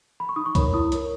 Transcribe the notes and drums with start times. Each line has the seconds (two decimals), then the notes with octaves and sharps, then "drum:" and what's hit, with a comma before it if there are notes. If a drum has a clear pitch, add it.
0.20 B5
0.29 C#6
0.36 D#4 D#6
0.46 C#6
0.55 A#4 C#5 B5, drum: kick C2, hi-hat
0.74 E4 D#6
0.92 A#4 C#5, drum: hi-hat